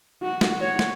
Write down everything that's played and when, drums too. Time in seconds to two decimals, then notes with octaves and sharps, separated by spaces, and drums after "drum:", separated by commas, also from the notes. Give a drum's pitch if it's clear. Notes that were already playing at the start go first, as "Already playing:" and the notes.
0.23 F#4
0.41 drum: snare
0.60 F#4 C#5
0.79 drum: snare